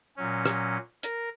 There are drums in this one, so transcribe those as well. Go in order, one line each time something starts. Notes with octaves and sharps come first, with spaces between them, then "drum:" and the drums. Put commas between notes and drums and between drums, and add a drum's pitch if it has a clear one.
A#2 F#3 C#4
drum: rim click
A#4, drum: hi-hat